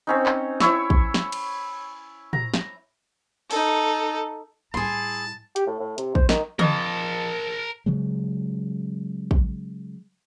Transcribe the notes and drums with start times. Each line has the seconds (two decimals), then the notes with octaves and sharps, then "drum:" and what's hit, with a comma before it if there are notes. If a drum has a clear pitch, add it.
0.07 C4 C#4 D#4
0.26 drum: clap
0.60 E4 C#5 C#6 E6, drum: snare
0.90 drum: kick
1.14 drum: snare
1.32 drum: cymbal
2.33 A#5, drum: tom
2.54 drum: snare
3.51 D#4 A4, drum: open hi-hat
4.74 A2 G3 E4 G#4 A5 C6
5.56 G4, drum: hi-hat
5.67 A2
5.80 A2
5.98 C3, drum: hi-hat
6.15 C5, drum: kick
6.29 D#3, drum: snare
6.59 F2 A#4 A5, drum: tom
7.86 C#3 F#3 G#3
9.31 drum: kick